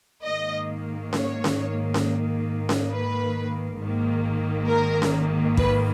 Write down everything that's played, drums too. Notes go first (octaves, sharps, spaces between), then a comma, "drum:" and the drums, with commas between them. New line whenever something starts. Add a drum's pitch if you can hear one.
G#2 D#3 A#3 D#5
C#5, drum: snare C#4
drum: snare C#4
drum: snare C#4
drum: snare C#4
B4
G#1 G#2 D#3 A#3
A#4
drum: snare C#4
B4, drum: kick